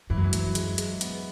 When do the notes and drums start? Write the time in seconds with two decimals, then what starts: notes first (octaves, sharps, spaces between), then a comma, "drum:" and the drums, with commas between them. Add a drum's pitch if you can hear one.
0.10 F#2 E3
0.18 F#3
0.24 E3
0.33 F#3, drum: hi-hat
0.55 G#3, drum: hi-hat
0.78 G#3, drum: hi-hat
1.01 B3, drum: hi-hat